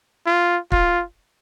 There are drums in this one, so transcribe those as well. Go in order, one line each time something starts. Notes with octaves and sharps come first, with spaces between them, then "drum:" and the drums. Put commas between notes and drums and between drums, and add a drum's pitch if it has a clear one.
F4
F4, drum: kick